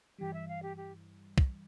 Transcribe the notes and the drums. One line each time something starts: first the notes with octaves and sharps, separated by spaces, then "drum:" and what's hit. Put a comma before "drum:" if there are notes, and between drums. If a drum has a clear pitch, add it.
G2 E3 G3 G4
E5
F5
G4
G4
drum: kick